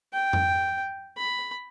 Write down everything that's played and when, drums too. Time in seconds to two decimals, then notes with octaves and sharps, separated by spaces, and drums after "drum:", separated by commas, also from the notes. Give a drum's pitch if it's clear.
0.13 G5
0.33 drum: tom F2
1.17 B5